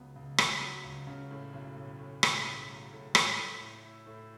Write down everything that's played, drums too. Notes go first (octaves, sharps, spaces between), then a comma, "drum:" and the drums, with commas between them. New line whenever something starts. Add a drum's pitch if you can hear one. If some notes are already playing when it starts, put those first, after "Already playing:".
Already playing: C#2 F#3 B3
C#2
C#2, drum: rim click
F#3
C#2
C#3
A2
B1
A2
A2
A2, drum: rim click
B1
F#3
A2
A2, drum: rim click
A2
A2
E4
A2